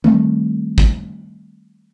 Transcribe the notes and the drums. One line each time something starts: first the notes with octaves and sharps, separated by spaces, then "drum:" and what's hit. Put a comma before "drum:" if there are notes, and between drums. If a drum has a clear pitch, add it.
D#3 G3 A3 C4, drum: tom
drum: kick